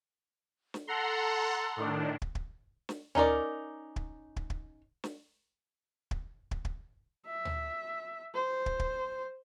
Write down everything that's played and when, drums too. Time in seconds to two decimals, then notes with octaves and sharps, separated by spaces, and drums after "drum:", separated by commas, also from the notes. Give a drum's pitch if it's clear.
0.74 drum: snare
0.87 A4 F#5 A#5 C6
1.76 A2 D#3 D4
2.22 drum: kick
2.35 drum: kick
2.89 drum: snare
3.15 C#4 D#4 A#4 D5, drum: tom
3.96 drum: kick
4.36 drum: kick
4.50 drum: kick
5.04 drum: snare
6.11 drum: kick
6.51 drum: kick
6.65 drum: kick
7.26 E5
7.45 drum: tom
8.34 C5
8.66 drum: kick
8.79 drum: kick